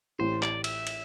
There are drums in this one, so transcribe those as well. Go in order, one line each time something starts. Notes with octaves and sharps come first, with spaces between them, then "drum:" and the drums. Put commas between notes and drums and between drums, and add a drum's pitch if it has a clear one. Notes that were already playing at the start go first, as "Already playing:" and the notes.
A1 A2 E3 C4 G4 C5
D5, drum: clap
E5, drum: cymbal
drum: cymbal